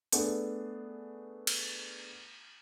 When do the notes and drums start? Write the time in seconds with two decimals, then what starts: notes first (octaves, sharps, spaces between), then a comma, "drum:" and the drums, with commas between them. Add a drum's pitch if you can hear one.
0.12 A3 B3 D4 G#4, drum: hi-hat
1.47 drum: cymbal